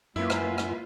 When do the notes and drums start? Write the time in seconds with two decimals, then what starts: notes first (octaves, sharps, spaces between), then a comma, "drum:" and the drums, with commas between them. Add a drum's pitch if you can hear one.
0.16 F#2 A#3 E4 F4 B4
0.30 drum: rim click
0.58 drum: rim click